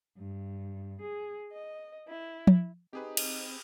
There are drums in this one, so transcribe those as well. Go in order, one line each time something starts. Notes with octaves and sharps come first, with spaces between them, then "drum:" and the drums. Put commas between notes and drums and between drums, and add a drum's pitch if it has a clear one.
G2
G#4
D#5
E4
drum: tom F3
C4 D#4 G4 G#4 B4
drum: cymbal